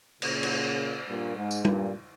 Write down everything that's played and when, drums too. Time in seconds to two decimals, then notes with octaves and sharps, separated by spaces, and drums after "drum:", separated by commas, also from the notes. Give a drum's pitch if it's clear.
0.22 A#2 C#3, drum: cymbal
0.43 drum: cymbal
1.08 G2 A#2
1.36 G#2
1.51 drum: tambourine
1.65 G2 A#2, drum: tom